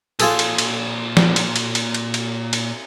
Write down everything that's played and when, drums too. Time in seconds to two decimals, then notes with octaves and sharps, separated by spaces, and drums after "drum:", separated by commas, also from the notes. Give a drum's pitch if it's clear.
0.20 A#2 F4 G#4 A4 C5, drum: cymbal
0.39 drum: cymbal
0.58 drum: cymbal
1.17 drum: snare
1.36 drum: cymbal
1.56 drum: cymbal
1.75 drum: cymbal
1.94 drum: cymbal
2.14 drum: cymbal
2.53 drum: cymbal